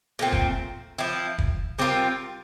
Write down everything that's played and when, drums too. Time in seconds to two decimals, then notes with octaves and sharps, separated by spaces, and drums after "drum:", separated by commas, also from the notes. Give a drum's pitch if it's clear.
0.19 A#2 A3 C4
0.32 drum: kick
0.98 F3 C4 E4
1.38 drum: kick
1.79 G3 C4 F4 A#4